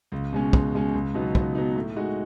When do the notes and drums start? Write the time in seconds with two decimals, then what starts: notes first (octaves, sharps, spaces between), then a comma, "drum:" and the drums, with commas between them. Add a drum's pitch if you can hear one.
0.12 C#2
0.33 B2 G#3 C#4
0.53 C#2, drum: kick
0.74 B2 G#3 C#4
0.94 C#2
1.14 B2 F#3 B3 D#4
1.35 C#2, drum: kick
1.55 B2 F#3 B3 D#4
1.76 A2
1.96 G#3 D#4 F#4